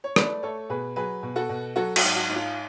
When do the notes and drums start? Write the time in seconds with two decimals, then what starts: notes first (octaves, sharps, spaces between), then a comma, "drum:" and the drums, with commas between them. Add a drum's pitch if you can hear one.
0.04 C#5
0.16 A3 B4 D5, drum: rim click
0.43 A3 A4 C#5
0.70 B2 G#4 B4
0.96 F#3 G#4 B4
1.23 B2
1.36 F#4 A4
1.49 B2
1.76 F#3 F#4 A4
1.96 F#4, drum: cymbal
2.03 G#2
2.16 F#4
2.29 G#2
2.36 F4